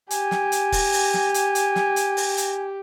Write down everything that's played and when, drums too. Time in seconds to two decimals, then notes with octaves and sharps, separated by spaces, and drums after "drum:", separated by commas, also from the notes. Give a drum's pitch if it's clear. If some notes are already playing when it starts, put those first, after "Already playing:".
0.11 G4 G#5, drum: hi-hat
0.31 drum: snare
0.52 drum: hi-hat
0.72 drum: kick, open hi-hat
0.93 drum: open hi-hat
1.14 drum: snare
1.34 drum: hi-hat
1.55 drum: hi-hat
1.76 drum: snare
1.96 drum: hi-hat
2.17 drum: open hi-hat
2.37 drum: hi-hat